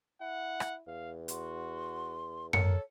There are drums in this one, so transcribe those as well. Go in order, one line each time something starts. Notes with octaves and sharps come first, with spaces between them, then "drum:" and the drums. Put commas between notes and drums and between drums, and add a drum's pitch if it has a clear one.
E4 F#5
drum: rim click
E2 F5
F#4 C6, drum: hi-hat
A4 A#4 C#5 C#7, drum: tom F#2